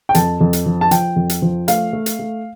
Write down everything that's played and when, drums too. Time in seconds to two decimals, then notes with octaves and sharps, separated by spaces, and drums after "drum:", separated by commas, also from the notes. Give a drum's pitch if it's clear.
0.09 G5
0.15 F2 A5, drum: hi-hat
0.41 F2
0.53 drum: hi-hat
0.66 F3
0.81 A5
0.91 F3 G5, drum: hi-hat
1.16 F2
1.29 drum: hi-hat
1.42 F3
1.68 A3 F5, drum: hi-hat
1.93 A3
2.06 drum: hi-hat
2.19 A3